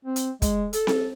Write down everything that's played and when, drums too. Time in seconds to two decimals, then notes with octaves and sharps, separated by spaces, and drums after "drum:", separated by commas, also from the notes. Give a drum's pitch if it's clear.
0.05 C4
0.16 drum: hi-hat
0.42 G#3, drum: kick, hi-hat
0.73 A4, drum: hi-hat
0.87 drum: snare C4